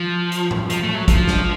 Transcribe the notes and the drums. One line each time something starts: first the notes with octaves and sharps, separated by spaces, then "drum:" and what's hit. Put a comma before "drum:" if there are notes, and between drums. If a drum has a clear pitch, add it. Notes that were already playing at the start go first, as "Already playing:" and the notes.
Already playing: F3
drum: hi-hat
drum: tom A2
F3, drum: hi-hat
A3
F#3
F3, drum: kick, hi-hat
drum: snare